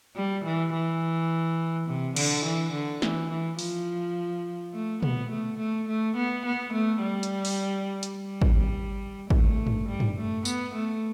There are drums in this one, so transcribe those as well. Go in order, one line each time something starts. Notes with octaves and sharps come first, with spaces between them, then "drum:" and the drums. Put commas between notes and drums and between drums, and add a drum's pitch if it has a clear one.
G3
E3
E3
C3
D3, drum: cymbal
E3
D3
E3, drum: snare
E3
F3, drum: open hi-hat
A3
B3, drum: tom
A3
A3
A3
B3
B3
A3
G3
drum: hi-hat
drum: open hi-hat
drum: hi-hat
G3
drum: kick
A3, drum: kick
drum: tom
G3
drum: tom
A3
B3, drum: tambourine
A3